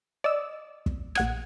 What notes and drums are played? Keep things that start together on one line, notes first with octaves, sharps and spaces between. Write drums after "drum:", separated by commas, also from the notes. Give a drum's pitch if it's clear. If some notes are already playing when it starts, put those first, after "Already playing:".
D5 D#5 E6
drum: kick
A#1 F#5 G#6, drum: rim click